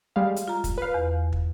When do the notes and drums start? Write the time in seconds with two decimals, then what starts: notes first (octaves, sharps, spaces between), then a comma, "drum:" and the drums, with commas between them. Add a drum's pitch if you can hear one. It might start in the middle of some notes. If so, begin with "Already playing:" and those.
0.16 G3 G#3 F5
0.36 drum: hi-hat
0.48 F4 A#5
0.64 drum: kick, hi-hat
0.78 B4 F5
0.94 E2
1.33 drum: kick